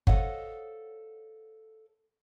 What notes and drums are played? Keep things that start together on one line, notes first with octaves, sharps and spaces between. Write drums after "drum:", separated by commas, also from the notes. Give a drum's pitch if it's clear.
A4 C5 C#5 D#5 F5 F#5, drum: kick G1